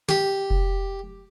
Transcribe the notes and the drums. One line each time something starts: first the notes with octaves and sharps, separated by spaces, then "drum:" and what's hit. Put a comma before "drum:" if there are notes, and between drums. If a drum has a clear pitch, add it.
G4, drum: snare
drum: kick F1